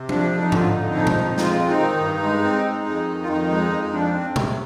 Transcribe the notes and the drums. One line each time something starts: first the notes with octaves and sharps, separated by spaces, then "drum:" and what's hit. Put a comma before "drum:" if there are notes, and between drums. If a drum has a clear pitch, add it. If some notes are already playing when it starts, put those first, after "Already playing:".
Already playing: C3
F3 D4, drum: tom F#3
F2
D#4
D3 F4, drum: tom G#2
F2 D#4
F3
drum: tom A#2
F2
G#3 F4, drum: snare
C4
D#4
D#3
G2
G#3
C4
G#3
F2
D#3
F4
F2 D#4
G#3
F2
F3 D4
C4
C3, drum: tom A#2